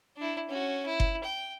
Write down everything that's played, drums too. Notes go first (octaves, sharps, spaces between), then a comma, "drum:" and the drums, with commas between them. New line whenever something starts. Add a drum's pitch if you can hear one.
D4 E4
C#4 F#4
E4
drum: kick F#1
G5